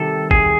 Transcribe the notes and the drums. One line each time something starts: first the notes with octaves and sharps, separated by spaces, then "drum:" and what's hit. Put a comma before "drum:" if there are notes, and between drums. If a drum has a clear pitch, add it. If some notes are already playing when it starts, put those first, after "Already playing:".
Already playing: C3 D#3 G3 A4
G#4, drum: kick G#1